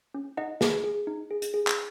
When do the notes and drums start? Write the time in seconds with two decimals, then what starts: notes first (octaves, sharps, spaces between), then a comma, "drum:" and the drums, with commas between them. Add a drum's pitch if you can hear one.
0.14 C#4
0.37 D#4 D#5 F#5
0.61 G#4, drum: snare
0.84 G#4
1.07 D#4
1.31 G#4
1.42 drum: hi-hat
1.54 G#4
1.67 drum: clap